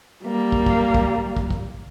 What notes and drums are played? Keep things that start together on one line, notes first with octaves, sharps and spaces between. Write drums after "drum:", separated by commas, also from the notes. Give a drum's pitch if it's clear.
G3 A#3
drum: kick
drum: kick
drum: kick
drum: kick
drum: kick